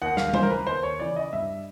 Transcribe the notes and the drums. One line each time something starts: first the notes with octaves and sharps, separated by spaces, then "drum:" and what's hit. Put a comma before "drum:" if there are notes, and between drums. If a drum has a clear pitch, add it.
D#2 F#5
F5, drum: snare
C#3 E3 C5, drum: tom
A#4
B4
D#2 C5
C#5
C#3 E3 D5
D#5
G2 E5